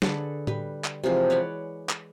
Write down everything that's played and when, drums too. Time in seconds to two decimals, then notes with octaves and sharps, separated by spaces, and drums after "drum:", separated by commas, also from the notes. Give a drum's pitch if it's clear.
0.02 D3 G#4 A4 B4, drum: snare
0.47 G3 B4, drum: tom A2
0.84 drum: clap
1.04 C3 E3 F3 G#3
1.30 B4 C#5 D5 F#5
1.89 drum: clap